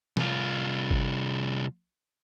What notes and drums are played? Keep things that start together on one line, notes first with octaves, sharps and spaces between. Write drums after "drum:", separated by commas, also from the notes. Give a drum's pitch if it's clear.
C2 F4, drum: snare
drum: kick G1